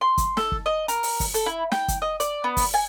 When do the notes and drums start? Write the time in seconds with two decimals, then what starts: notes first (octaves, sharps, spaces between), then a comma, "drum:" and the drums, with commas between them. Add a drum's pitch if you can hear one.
0.01 C6
0.18 drum: kick, hi-hat
0.37 A4, drum: snare
0.52 drum: kick
0.66 D#5
0.88 A#4, drum: hi-hat
1.03 drum: open hi-hat
1.20 drum: kick, open hi-hat
1.34 A4, drum: hi-hat
1.46 E4
1.72 G5, drum: snare
1.88 drum: kick, hi-hat
2.02 D#5
2.20 D5, drum: hi-hat
2.44 B3
2.57 drum: kick, open hi-hat
2.74 G#5